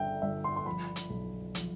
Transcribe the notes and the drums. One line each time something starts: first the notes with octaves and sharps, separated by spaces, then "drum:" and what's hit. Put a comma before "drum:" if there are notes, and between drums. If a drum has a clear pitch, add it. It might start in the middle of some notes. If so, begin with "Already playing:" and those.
Already playing: G1 D3 E5 G5
G1 E5
C6
C6
F3 B5
drum: hi-hat
B1
F3, drum: hi-hat